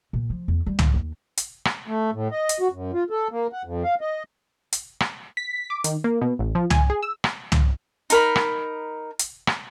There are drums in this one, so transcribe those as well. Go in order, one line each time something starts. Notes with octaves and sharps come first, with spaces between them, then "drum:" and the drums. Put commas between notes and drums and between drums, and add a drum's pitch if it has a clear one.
A#2
F3
E2
G3
G#2, drum: tom
D#2
drum: hi-hat
drum: rim click
A3
A2
D#5
drum: hi-hat
F#4
F#2
F4
A4
A#3
F#5
F2
F5
D#5
drum: hi-hat
drum: rim click
B6
D6
D#3, drum: hi-hat
A#3
B2
A1
F3
G#5, drum: tom
G#4
E6
drum: rim click
drum: tom
D#4 A#4 B5, drum: hi-hat
drum: rim click
drum: hi-hat
drum: rim click